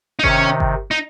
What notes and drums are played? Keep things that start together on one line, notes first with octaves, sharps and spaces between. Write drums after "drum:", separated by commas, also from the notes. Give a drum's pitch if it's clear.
D#4
C3 D#3 C#4, drum: kick G1
drum: kick G1
D#4